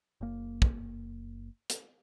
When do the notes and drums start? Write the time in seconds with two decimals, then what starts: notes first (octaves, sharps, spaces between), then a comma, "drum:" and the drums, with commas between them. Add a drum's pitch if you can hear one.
0.21 F#1 A#3
0.62 drum: kick
1.70 drum: hi-hat